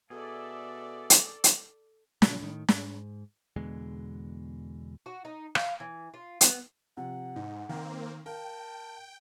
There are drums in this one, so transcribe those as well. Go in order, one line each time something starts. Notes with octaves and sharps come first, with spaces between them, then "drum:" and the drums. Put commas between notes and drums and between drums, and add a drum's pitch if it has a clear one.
B2 G#4 A4 D5 E5
drum: hi-hat
drum: hi-hat
A#2 C#3 F3 F#3, drum: snare
A2 D#3
G#2, drum: snare
E2 B2 D3 G#3
F#4
D#4
F5, drum: rim click
E3
F4
B3, drum: hi-hat
C3 F3 F#5
G#2 D#4
D#3 A#3 C4
A#4 F5 G5 A5